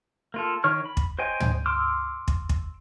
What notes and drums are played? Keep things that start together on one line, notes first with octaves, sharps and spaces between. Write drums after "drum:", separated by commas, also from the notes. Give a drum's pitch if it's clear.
A#3 F4 A4
D#3 C#5 C#6 F6
B5
drum: kick
C5 C#5 D#5 G5 G#5
drum: tom
C6 D6 E6 F6
drum: kick
drum: kick